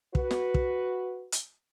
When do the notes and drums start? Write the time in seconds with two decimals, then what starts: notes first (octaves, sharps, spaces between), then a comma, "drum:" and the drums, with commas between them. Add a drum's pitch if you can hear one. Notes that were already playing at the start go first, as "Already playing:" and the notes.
0.15 F#4 B4, drum: kick
0.31 drum: snare
0.54 drum: kick
1.32 drum: hi-hat